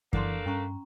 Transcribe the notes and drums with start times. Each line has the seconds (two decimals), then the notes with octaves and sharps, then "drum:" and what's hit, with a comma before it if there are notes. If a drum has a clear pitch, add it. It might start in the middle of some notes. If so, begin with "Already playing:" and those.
0.13 E3 A3 A#3 D4 F#5 C6, drum: kick F#2
0.46 G2 C#4 A#5 C#6